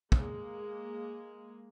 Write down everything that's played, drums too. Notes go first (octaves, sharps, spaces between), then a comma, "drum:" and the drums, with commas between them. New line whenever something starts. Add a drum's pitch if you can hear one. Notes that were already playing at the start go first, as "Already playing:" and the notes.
G#3 A#3, drum: kick